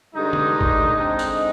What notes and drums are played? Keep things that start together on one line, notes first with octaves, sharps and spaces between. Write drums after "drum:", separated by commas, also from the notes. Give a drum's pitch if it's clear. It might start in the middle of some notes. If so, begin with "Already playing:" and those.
G2 D3 G#3 D#4
drum: tom
drum: kick G#1
D3 G#3 C4 D#4
drum: tambourine